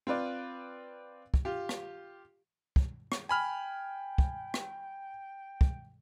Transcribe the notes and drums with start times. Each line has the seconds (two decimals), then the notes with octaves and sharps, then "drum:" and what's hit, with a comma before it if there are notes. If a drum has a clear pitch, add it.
0.07 C4 F4 B4 D5
1.34 drum: kick
1.45 F4 G4
1.69 drum: rim click
2.76 drum: kick
3.12 drum: rim click
3.29 G5 G#5 B5 F6
4.18 drum: kick
4.54 drum: rim click
5.61 drum: kick